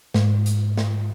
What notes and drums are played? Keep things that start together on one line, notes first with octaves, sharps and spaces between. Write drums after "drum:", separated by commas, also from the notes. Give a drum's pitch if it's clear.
G#2, drum: snare
drum: hi-hat
drum: snare